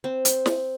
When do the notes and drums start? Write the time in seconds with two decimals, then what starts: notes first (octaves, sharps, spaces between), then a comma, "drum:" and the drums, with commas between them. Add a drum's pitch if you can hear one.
0.04 C4
0.25 drum: hi-hat
0.46 drum: snare